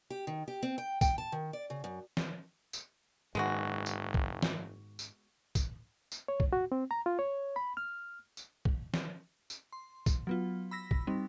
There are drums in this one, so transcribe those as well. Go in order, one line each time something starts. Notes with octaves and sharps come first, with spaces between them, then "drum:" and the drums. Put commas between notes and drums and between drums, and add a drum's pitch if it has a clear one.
G4
D#3
G4
C4
G5
G5, drum: kick, tambourine
A5
D#3
D5
C#3
F#2
drum: snare
drum: tambourine
F#1 G#2 D#3 G#3 B3 F#4
drum: tambourine
drum: kick
drum: snare
drum: tambourine
drum: kick, tambourine
drum: tambourine
C#5
drum: kick
F#4
C4
A#5
F4
C#5
B5
F6
drum: tambourine
drum: kick
drum: snare
drum: tambourine
C6
drum: kick, tambourine
F#3 B3 F4
B5 E6 A#6 B6
drum: kick
G3 C4 D#4